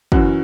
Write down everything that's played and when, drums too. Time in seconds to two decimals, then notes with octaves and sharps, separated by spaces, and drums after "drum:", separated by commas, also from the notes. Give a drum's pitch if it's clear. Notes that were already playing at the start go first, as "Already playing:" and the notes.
0.12 F#2 E3 F#4, drum: kick